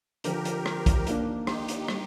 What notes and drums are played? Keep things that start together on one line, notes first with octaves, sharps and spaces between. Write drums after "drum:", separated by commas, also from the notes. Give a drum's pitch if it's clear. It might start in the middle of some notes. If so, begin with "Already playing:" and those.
D3 F3 C4 G4 A#4, drum: hi-hat
drum: hi-hat
drum: rim click
drum: kick, hi-hat
D#3 A#3 D4, drum: hi-hat
D#4 G4, drum: rim click
drum: hi-hat
G3 D4 G4, drum: rim click